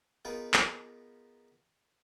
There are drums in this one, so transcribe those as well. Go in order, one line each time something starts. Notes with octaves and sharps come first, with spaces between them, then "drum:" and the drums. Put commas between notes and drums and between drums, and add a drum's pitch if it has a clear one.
B3 D#4 F4 G#4 A#4
drum: clap